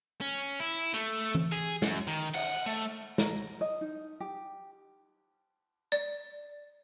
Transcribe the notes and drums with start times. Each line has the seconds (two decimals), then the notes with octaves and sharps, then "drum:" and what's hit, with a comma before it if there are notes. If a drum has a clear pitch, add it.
0.21 C#4
0.60 E4
0.94 A3, drum: hi-hat
1.35 drum: tom E3
1.52 G#4, drum: hi-hat
1.82 F#2, drum: snare
2.07 D#3
2.34 F#5, drum: cymbal
2.66 A3
3.18 A#4, drum: snare
3.61 D#5
3.81 D#4
4.20 G4
5.92 D5